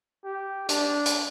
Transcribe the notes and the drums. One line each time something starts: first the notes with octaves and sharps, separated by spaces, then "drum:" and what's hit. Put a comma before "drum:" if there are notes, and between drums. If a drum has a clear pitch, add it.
G4
D4, drum: hi-hat
drum: hi-hat